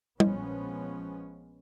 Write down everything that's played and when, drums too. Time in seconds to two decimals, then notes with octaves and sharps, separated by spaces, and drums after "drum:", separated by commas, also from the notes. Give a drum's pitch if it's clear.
0.20 A#1 F3 G#3 B3 C#4, drum: tom